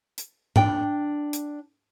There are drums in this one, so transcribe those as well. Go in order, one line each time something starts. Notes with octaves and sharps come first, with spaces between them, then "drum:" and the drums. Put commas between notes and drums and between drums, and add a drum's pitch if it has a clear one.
drum: hi-hat
D4 G5, drum: tom G#2
drum: hi-hat